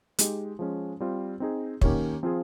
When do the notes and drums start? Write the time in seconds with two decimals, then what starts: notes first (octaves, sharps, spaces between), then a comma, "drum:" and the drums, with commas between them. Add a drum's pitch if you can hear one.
0.19 G#3 D#4 G4, drum: hi-hat
0.59 F3 G#3 C#4
1.00 G3 C4 F4 C5
1.40 C4 D#4 G#4
1.81 D#3 A#3 C#4 G4 C#5, drum: kick
2.23 F3 C4 F4 G#4